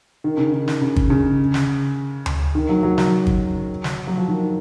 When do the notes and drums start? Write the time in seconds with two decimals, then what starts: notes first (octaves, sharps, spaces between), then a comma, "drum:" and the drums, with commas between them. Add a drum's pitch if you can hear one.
0.24 D#3
0.37 C#3
0.50 D#3
0.68 drum: snare
0.82 C#3
0.96 drum: kick
1.10 C#3
1.54 drum: snare
2.26 drum: tom D2
2.55 D#3
2.69 F#3
2.83 F#3
2.98 F#3, drum: snare
3.27 drum: kick
3.84 drum: snare
4.07 F#3
4.17 F3
4.28 D#3